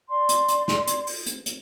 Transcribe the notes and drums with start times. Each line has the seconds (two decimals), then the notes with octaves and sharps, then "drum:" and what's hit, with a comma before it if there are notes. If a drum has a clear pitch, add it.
0.09 D5 C6
0.29 drum: hi-hat
0.48 drum: hi-hat
0.68 drum: snare
0.87 drum: hi-hat
1.07 drum: open hi-hat
1.27 drum: hi-hat
1.46 drum: hi-hat